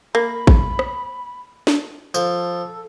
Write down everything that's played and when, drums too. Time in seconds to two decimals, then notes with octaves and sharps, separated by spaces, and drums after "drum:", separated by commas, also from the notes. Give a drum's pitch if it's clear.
0.15 A#3 B5
0.47 drum: kick A1
0.79 drum: rim click
1.67 drum: snare
2.14 F3 A4, drum: tambourine